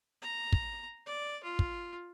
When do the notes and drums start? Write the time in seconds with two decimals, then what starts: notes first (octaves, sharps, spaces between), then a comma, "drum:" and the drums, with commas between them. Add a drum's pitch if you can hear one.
0.22 A#5
0.52 drum: kick
1.06 D5
1.43 F4
1.59 drum: kick